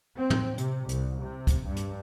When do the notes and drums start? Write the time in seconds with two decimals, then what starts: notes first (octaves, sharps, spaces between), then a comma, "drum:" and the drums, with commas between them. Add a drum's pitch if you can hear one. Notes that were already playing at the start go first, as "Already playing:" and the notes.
0.17 C4
0.30 drum: tom
0.58 C3, drum: hi-hat
0.89 C2, drum: hi-hat
1.23 C3
1.47 drum: kick, hi-hat
1.65 G2
1.76 drum: hi-hat